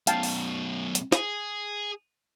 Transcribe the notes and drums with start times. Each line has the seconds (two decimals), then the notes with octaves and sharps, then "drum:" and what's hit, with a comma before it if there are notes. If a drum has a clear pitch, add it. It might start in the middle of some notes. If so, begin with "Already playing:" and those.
0.07 F#2 B2 F5 G5 A5, drum: hi-hat
0.23 drum: open hi-hat
0.95 drum: hi-hat
1.12 G#4, drum: snare